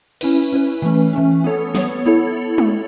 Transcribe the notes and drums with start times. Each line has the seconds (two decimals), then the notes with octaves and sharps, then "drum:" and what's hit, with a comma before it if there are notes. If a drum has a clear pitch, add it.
0.21 C#4 E4 B4, drum: cymbal
0.53 C#4 E4 B4
0.82 E3 A3 C#4
1.13 E3 A3 C#4
1.44 B3 A4 C#5
1.75 B3 A4 C#5, drum: snare
2.06 B3 E4 A4 C#5
2.58 drum: tom G#3